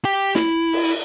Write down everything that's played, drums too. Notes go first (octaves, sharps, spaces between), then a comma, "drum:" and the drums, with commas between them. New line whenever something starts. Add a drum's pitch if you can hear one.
G4 G5
E4, drum: snare
drum: cymbal